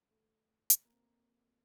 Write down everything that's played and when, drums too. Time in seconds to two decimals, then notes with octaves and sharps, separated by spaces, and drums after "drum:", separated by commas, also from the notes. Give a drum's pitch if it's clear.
0.10 A3
0.70 drum: hi-hat
0.85 A#3
0.92 C4